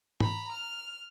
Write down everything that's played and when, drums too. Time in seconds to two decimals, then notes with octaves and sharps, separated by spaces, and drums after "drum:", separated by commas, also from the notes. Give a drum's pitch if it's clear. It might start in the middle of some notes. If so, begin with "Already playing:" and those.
0.20 A#5 B5, drum: tom G#2
0.52 F6